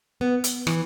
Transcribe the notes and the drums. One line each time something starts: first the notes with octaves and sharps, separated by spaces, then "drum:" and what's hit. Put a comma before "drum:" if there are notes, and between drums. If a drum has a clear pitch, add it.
B3
drum: hi-hat
E3, drum: rim click